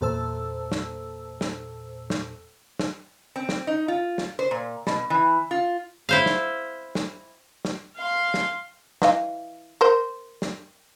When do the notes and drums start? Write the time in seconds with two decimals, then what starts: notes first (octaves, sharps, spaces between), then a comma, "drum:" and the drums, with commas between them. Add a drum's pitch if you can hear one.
0.01 E2 A#2 A4 C5 A5 E6
0.72 drum: snare
1.41 drum: snare
2.10 drum: snare
2.80 drum: snare
3.36 C4
3.49 drum: snare
3.67 D#4
3.88 F4
4.18 drum: snare
4.39 C5
4.51 A#2
4.87 B2, drum: snare
5.10 E3
5.51 F4
6.09 E4 C5 F5
6.26 drum: snare
6.95 drum: snare
7.65 drum: snare
7.97 F5 C6
8.34 drum: snare
9.02 E3 D#5 F5, drum: snare
9.81 A#4 C5
10.42 drum: snare